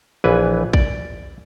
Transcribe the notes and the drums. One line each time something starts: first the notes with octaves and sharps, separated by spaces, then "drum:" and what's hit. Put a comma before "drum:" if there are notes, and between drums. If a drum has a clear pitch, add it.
A#1 E3 B4 G#5
D5, drum: kick